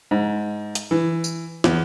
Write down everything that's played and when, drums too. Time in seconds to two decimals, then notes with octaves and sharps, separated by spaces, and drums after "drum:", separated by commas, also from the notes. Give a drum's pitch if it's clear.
0.11 G#2
0.75 drum: hi-hat
0.91 E3
1.24 drum: tambourine
1.64 E2, drum: snare